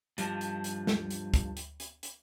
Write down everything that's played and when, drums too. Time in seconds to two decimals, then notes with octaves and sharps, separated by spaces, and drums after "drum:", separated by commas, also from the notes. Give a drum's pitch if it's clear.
0.18 G2 F3, drum: hi-hat
0.41 drum: hi-hat
0.64 drum: hi-hat
0.87 drum: snare
1.10 drum: hi-hat
1.34 drum: kick, hi-hat
1.57 drum: hi-hat
1.80 drum: hi-hat
2.03 drum: hi-hat